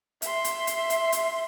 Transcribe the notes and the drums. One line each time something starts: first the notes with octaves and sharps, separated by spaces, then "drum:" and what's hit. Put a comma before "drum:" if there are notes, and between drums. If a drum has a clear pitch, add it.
E5 C6, drum: hi-hat
drum: hi-hat
drum: hi-hat
drum: hi-hat
drum: hi-hat